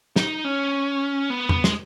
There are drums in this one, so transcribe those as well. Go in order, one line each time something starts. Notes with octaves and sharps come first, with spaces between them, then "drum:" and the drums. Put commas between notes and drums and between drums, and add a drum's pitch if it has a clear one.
D#4, drum: snare
C#4
B3
drum: tom
G#3, drum: snare